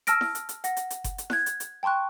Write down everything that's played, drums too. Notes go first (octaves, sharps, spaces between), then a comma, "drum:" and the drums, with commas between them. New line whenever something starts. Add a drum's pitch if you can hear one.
A5 E6 F6 A#6 D7, drum: hi-hat
drum: snare E4
drum: hi-hat
drum: hi-hat
F#5 A#6, drum: hi-hat
drum: hi-hat
drum: hi-hat
drum: kick F#1, hi-hat
drum: hi-hat
F#6 G#6, drum: snare E4
drum: hi-hat
drum: hi-hat
G5 A5 C6 C#6 F#6